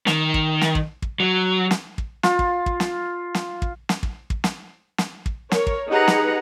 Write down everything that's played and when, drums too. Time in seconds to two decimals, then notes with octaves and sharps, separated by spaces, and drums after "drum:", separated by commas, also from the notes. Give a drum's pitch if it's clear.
0.07 D#3, drum: snare
0.34 drum: kick
0.61 drum: snare
0.75 drum: kick
1.02 drum: kick
1.20 F#3
1.71 drum: snare
1.98 drum: kick
2.23 F4, drum: snare
2.39 drum: kick
2.66 drum: kick
2.80 drum: snare
3.35 drum: snare
3.62 drum: kick
3.89 drum: snare
4.03 drum: kick
4.30 drum: kick
4.44 drum: snare
4.98 drum: snare
5.26 drum: kick
5.51 A#4 C#5, drum: snare
5.67 drum: kick
5.89 D#4 G4 G#4 B4 F#5 A#5
6.08 drum: snare